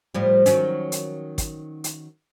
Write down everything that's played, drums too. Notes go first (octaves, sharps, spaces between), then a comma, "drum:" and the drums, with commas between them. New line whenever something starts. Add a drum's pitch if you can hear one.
A2 F3 G3
D#3 F#3 C#4, drum: hi-hat
drum: hi-hat
drum: kick, hi-hat
drum: hi-hat